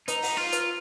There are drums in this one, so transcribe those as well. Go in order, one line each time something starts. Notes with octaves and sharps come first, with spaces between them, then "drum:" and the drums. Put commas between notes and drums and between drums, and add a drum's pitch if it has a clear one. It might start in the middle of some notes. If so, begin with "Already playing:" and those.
D#4, drum: hi-hat
drum: open hi-hat
F4
drum: hi-hat